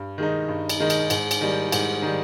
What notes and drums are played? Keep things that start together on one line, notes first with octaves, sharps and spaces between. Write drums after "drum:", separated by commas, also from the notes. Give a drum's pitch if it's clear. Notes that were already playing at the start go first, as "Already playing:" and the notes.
Already playing: G2
D#3 G#3 D#4
G2
drum: cymbal
D#3 G#3 D#4
drum: cymbal
G#2, drum: cymbal
drum: cymbal
D#3 G3
G#2, drum: cymbal
D#3 G3